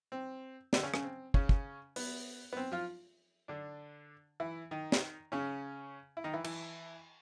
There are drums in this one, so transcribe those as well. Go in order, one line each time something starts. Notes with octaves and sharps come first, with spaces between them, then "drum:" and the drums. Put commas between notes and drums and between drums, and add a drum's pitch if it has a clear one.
C4
D3 D4, drum: snare
C#3 C#4
C#3 C#4, drum: rim click
C4
C#3 C#4, drum: kick
drum: kick
B3, drum: open hi-hat
B3
C4
F3 F4
D3 D4
E3 E4
D#3 D#4
drum: snare
C#3 C#4
E4
D#3 D#4
E3 E4
E3 E4, drum: cymbal